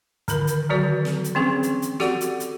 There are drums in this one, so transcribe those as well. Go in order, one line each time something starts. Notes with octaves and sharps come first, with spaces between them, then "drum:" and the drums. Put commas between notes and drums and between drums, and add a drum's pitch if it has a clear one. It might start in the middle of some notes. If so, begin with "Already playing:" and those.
D3 D#3 A#4 B5, drum: kick, hi-hat
drum: hi-hat
D3 D#3 F#3 F#4 A4 D5
drum: snare
drum: hi-hat
E3 G3 C4 C#4 G#4
drum: hi-hat
drum: hi-hat
F#4 G4 A4 D5 F#5, drum: snare
drum: hi-hat
drum: hi-hat